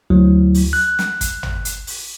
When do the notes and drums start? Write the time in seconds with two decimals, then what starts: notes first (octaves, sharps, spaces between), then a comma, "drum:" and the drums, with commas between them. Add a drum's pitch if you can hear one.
0.10 D2 F#3 E4
0.54 drum: open hi-hat
0.73 F#6
0.99 drum: snare
1.21 drum: kick, hi-hat
1.43 drum: tom
1.65 drum: hi-hat
1.87 drum: open hi-hat